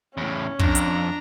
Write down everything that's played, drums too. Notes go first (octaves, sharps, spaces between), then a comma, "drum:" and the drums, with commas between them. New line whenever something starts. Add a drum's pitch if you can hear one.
E2 A2 C#4
F2 D4 A#5, drum: kick
drum: hi-hat